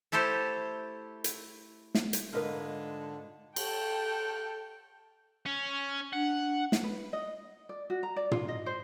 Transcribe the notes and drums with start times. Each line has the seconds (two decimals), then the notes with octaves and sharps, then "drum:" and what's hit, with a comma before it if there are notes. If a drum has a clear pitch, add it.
0.12 A3 E4 G4 A4 C5
1.24 drum: hi-hat
1.95 drum: snare
2.13 drum: hi-hat
2.33 G#2 D3 G#3 F4 A#4 B4 D#5 F5
3.56 A4 G5, drum: cymbal
5.46 C#4
6.13 D4 F#5
6.72 drum: snare
6.84 B4
7.13 D#5
7.69 D5
7.90 F#4
8.03 A#5
8.16 D5
8.31 F4, drum: tom
8.48 D#5
8.66 C5